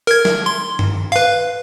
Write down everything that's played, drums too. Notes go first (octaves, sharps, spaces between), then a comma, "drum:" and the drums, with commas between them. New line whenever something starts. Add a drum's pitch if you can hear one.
A#4 G#6
drum: snare
C6
drum: tom G2
B4 F5